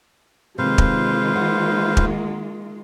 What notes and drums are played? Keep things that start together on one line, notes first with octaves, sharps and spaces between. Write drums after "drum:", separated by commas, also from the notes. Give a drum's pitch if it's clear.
C3 D#3 G#3 A#3 F4 B4 C5 F5
drum: kick
F#5
drum: kick